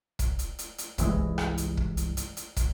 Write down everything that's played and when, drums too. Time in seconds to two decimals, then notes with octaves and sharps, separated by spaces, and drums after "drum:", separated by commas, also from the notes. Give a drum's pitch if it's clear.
0.19 drum: kick, hi-hat
0.39 drum: hi-hat
0.59 drum: hi-hat
0.78 drum: hi-hat
0.98 G1 C2 E3 G#3, drum: kick, hi-hat
1.38 drum: rim click
1.58 drum: hi-hat
1.77 drum: kick
1.97 drum: hi-hat
2.17 drum: hi-hat
2.37 drum: hi-hat
2.56 drum: kick, hi-hat